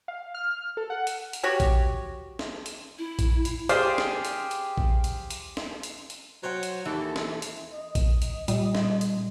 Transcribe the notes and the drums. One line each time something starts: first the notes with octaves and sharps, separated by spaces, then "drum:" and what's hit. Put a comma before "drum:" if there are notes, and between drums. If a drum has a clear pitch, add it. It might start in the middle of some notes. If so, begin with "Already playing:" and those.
F5
F6
A4
F#5
drum: hi-hat
drum: hi-hat
F#4 G4 C#5
drum: kick A#1, hi-hat
drum: snare
drum: hi-hat
E4
drum: kick A#1, hi-hat
drum: hi-hat
G4 G#4 C5 D5 F5 G5, drum: hi-hat
drum: snare
drum: hi-hat
drum: hi-hat
drum: kick A#1
drum: hi-hat
drum: hi-hat
drum: snare
drum: hi-hat
drum: hi-hat
F#3 C5 F#5
drum: hi-hat
D#2 E3 E4 A4
drum: snare
drum: hi-hat
D#5
drum: kick A#1, hi-hat
drum: hi-hat
A#2 G3, drum: hi-hat
drum: snare
drum: hi-hat